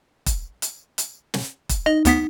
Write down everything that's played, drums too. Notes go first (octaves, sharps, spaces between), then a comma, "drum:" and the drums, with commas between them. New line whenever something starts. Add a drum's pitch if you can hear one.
drum: kick E1, hi-hat
drum: hi-hat
drum: hi-hat
drum: snare
drum: kick E1, hi-hat
D#4 D#5
D2 B3 B6, drum: hi-hat